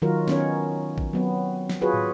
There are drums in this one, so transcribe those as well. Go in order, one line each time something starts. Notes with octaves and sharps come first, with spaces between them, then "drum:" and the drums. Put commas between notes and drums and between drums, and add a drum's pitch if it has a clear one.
D#3 F#3 F4 F#4 A#4
D#3 B3 C#4 D#4 A#4 C#5, drum: snare
drum: kick
F#3 B3 C4
drum: snare
F4 F#4 G#4 B4 C#5
drum: tom